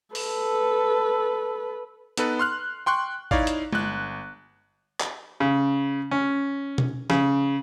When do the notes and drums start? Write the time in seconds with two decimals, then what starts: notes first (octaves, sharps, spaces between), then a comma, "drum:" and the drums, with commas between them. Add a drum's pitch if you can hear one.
0.15 A4 B4, drum: open hi-hat
2.17 B3 D#4 A4 B4, drum: hi-hat
2.39 C6 F6 F#6
2.86 G5 C6 C#6 F#6
3.31 D#4 E4 C#5 D5 F5, drum: kick G#1
3.47 drum: hi-hat
3.73 G1 F#6, drum: tom G#3
5.00 drum: clap
5.40 C#3
6.11 C#4
6.78 drum: tom
7.10 C#3, drum: snare